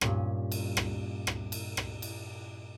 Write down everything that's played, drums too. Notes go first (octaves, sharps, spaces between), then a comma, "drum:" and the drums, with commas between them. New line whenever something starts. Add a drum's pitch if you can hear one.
G2 A#2 C#4, drum: rim click
drum: cymbal
drum: rim click
drum: rim click
drum: cymbal
drum: rim click
drum: cymbal